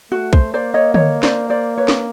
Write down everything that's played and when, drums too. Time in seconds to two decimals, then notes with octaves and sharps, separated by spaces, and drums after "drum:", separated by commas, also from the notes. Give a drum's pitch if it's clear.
0.11 A3 F#4
0.33 C5, drum: kick
0.54 A#3 C5 D5
0.74 C#5 D#5
0.94 C#5 D#5, drum: tom D3
1.23 C5 D5, drum: snare
1.50 C5 D5
1.78 B4 C#5
1.88 drum: snare